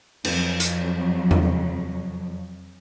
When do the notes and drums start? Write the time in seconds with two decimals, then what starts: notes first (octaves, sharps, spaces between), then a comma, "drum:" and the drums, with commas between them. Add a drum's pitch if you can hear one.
0.24 F2 F#3, drum: cymbal
0.60 drum: hi-hat
1.31 drum: tom E2